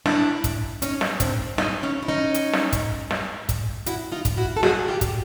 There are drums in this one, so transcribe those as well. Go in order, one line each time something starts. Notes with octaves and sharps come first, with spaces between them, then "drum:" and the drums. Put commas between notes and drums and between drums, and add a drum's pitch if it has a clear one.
D4 E4, drum: snare
drum: kick, hi-hat
C#4 D#4, drum: hi-hat
drum: snare
C4 D4, drum: kick, hi-hat
D#4 F4, drum: snare
C#4 D#4
E4
C#4 D#4
drum: hi-hat
drum: snare
drum: kick, hi-hat
drum: snare
drum: kick, hi-hat
E4 F#4, drum: hi-hat
D#4 F4
drum: kick, hi-hat
E4 F#4
A4
F#4 G#4, drum: snare
F4 G4
drum: kick, hi-hat